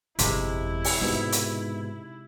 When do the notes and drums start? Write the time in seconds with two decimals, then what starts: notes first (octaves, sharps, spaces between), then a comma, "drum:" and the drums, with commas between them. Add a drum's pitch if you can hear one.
0.19 G1 F2 C3 G#3 E4, drum: hi-hat
0.84 drum: open hi-hat
1.01 G#2 B2 D#4
1.32 drum: hi-hat